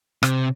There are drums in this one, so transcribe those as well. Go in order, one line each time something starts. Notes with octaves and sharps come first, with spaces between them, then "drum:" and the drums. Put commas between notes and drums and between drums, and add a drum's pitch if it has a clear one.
C3, drum: rim click